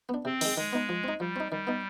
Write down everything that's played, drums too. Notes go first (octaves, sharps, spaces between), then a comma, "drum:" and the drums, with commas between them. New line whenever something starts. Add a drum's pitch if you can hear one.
B3 D4
C3 C4
D#3 G#3, drum: open hi-hat
D#3 G#3
B3 D#4
F3
C4 D#4
F3 G3
C4 D#4
D#3 G3
B3 D#4